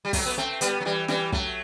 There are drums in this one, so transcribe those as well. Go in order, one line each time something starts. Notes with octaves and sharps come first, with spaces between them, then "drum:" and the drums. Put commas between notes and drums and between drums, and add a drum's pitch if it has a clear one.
G3
F#3 A3, drum: kick, open hi-hat
B3
A3 C4
G3 B3, drum: hi-hat
F#3
E3 G3
E3 G3, drum: snare
F#3 A3, drum: kick